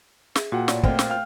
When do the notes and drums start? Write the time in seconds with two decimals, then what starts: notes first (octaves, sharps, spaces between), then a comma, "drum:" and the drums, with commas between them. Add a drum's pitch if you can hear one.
0.36 G#4 E5, drum: snare
0.52 A#2 F#4 F#5 G5
0.68 A2 D5, drum: snare
0.83 A3 A#3 C4 F4 A4 D#5, drum: kick
0.99 drum: snare
1.10 F5 G5 F6